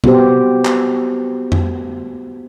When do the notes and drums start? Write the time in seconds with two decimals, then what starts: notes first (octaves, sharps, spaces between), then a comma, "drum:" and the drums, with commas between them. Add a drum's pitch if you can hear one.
0.04 B3 F#4 G4 C5, drum: tom B2
0.65 drum: clap
1.52 drum: tom F2